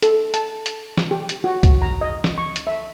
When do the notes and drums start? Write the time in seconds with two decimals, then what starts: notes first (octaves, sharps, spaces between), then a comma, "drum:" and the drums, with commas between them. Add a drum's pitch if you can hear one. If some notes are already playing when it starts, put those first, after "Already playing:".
0.03 A4, drum: hi-hat
0.34 A5, drum: hi-hat
0.66 drum: hi-hat
0.97 drum: snare
1.11 G4
1.29 drum: hi-hat
1.44 F#4
1.63 F#4, drum: kick C2, hi-hat
1.82 A#5
2.01 D#5
2.24 drum: snare
2.38 C#6
2.56 drum: hi-hat
2.67 E5